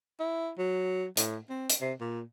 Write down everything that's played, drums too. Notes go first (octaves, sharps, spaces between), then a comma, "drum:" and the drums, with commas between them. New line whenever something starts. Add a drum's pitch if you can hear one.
E4
F#3
A2, drum: hi-hat
C4
drum: hi-hat
C3
A#2